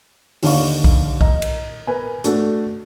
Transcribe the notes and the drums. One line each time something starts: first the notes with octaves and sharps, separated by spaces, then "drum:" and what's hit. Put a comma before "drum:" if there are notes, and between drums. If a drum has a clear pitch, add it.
D#2 D3 D#4 D5 F5 C#6, drum: open hi-hat
drum: kick B1
D#5 A#5, drum: kick B1
drum: cymbal
A#4 B4 G#5
A3 D4 F#4 A4, drum: hi-hat